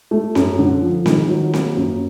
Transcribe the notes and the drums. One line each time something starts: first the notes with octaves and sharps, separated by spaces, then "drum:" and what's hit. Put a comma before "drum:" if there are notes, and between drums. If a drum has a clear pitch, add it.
A3
F#2, drum: snare C4
D3
F3
D#3, drum: snare C4
F#3
A#3, drum: snare C4
F#2